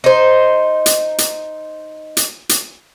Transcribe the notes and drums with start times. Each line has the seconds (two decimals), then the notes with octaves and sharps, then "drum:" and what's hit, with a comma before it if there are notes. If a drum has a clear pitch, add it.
0.04 D#4 C5
0.86 drum: hi-hat
1.18 drum: hi-hat
2.17 drum: hi-hat
2.49 drum: hi-hat